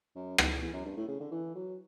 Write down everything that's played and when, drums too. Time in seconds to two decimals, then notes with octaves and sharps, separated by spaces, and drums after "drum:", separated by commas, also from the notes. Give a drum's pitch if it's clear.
0.16 F#2
0.38 E2, drum: rim click
0.51 E2
0.62 E2
0.73 F#2
0.85 G2
0.97 A2
1.08 C#3
1.20 D3
1.31 E3
1.55 F#3